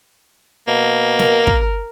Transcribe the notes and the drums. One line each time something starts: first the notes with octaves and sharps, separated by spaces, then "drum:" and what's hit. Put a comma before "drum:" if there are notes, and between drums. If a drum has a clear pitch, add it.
B2 A#3
A#4, drum: snare
drum: kick